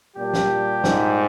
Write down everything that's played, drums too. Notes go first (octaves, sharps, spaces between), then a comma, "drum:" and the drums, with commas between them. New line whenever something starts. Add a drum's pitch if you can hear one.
A#2 G3 D4 G4
drum: snare
G#2, drum: snare